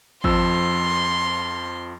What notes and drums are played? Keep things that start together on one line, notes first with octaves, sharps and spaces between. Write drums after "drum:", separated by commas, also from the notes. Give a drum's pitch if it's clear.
F2 F3 C6 E6, drum: kick